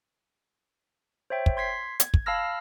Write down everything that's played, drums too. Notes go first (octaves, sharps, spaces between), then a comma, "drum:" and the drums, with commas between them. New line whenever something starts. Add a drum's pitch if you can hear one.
C5 C#5 E5 G5
drum: kick
C6 G#6 B6 C7
G#6, drum: hi-hat
drum: kick
F5 A5 B5 E6 F6 A#6